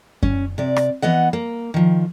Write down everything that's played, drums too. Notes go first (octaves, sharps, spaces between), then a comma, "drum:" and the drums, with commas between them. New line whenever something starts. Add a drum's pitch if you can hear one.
C#4, drum: kick F#2
C3 D5
drum: rim click
E3 B3 D#5 F#5
A#3
D#3 F3